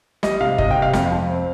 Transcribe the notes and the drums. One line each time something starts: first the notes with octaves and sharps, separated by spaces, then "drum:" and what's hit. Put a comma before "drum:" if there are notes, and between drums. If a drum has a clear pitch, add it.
G3 D#5, drum: snare
C3 F5
C3 D#5, drum: kick F#1
G5
C3
F5
F2 F5, drum: snare
F2
C4